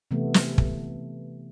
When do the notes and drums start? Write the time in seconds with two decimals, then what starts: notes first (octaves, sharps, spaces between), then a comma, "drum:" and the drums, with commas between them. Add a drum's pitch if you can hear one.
0.11 C3 E3 A3 B3
0.34 drum: snare
0.58 drum: kick